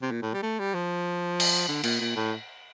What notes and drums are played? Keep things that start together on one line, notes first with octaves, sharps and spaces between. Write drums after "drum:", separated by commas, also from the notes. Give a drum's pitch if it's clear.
C3
A#2
A2
G3
A3
G3
F3
drum: cymbal
D3
A#2, drum: cymbal
A#2
A2